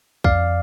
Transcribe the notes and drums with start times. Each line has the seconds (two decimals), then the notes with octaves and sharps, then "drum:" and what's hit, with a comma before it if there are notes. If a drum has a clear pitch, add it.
0.24 F2 D5 F5, drum: kick B1